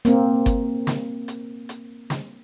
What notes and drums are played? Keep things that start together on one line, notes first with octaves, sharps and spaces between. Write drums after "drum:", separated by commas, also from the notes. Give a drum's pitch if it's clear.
A#3 C4, drum: hi-hat
drum: kick G1, hi-hat
drum: snare
drum: hi-hat
drum: hi-hat
drum: snare